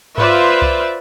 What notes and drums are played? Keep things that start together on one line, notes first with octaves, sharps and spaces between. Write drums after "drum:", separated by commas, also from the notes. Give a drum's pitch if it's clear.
F4 B4 C5 D5 E5, drum: tom G2
drum: kick C2